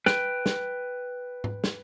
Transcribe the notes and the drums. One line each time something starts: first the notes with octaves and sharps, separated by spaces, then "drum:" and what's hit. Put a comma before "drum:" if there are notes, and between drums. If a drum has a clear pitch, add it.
B4 G5, drum: snare
drum: snare
drum: tom G#2
drum: snare